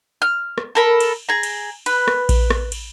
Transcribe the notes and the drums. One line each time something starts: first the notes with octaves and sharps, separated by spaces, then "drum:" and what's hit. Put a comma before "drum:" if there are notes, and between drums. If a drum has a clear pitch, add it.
F6
drum: rim click
A4 A#4 B5
drum: cymbal
G#4 A#5
drum: cymbal
B4, drum: cymbal
drum: rim click
drum: kick A#1, cymbal
drum: rim click
drum: cymbal